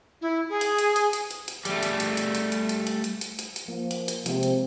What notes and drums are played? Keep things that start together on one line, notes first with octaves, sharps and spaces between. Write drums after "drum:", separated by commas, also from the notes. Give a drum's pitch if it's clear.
E4
G#4
drum: hi-hat
drum: hi-hat
drum: hi-hat
drum: hi-hat
drum: hi-hat
drum: hi-hat
G3 A3, drum: hi-hat
drum: hi-hat
drum: hi-hat
drum: hi-hat
drum: hi-hat
drum: hi-hat
drum: hi-hat
drum: hi-hat
drum: hi-hat
drum: hi-hat
drum: hi-hat
drum: hi-hat
F3 A#3
drum: hi-hat
drum: hi-hat
C3 F3 G#3 C4, drum: hi-hat
drum: hi-hat